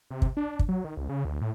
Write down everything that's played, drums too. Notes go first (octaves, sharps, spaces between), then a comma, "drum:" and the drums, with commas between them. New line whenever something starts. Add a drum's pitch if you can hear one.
C3
drum: kick
D4
drum: kick
F#3
D#3
C#2
C#3
D2
A2